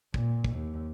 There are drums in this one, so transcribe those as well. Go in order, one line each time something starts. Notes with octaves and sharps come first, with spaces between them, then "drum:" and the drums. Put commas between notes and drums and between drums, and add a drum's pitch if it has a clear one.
A#2, drum: kick
drum: kick
D#2